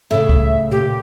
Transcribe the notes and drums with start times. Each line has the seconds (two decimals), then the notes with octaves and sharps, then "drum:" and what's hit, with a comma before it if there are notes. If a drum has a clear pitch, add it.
0.11 A2 C#3 E5
0.29 drum: kick C#2
0.71 A#2 G4